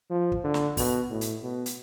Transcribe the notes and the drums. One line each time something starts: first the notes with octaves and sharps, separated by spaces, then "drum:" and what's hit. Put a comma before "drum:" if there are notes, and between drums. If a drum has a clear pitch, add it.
F3
drum: kick
D3
drum: snare
B2, drum: kick, open hi-hat
A2
drum: hi-hat
B2
drum: hi-hat